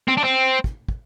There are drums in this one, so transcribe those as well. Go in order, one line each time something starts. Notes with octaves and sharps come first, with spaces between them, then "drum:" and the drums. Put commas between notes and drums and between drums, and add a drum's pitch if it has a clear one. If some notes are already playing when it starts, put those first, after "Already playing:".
C4
D4
C4
drum: kick
drum: kick